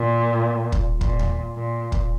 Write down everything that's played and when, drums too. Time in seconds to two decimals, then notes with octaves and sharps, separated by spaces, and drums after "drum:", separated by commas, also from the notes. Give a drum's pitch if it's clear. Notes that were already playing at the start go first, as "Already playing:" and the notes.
Already playing: A#2
0.72 drum: kick
1.01 A#2, drum: kick
1.19 drum: tom D#2
1.56 A#2
1.92 drum: kick